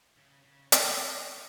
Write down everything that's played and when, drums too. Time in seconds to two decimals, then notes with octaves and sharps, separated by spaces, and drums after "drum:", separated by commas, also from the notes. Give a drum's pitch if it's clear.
0.17 C#3
0.44 C#3
0.72 D3, drum: hi-hat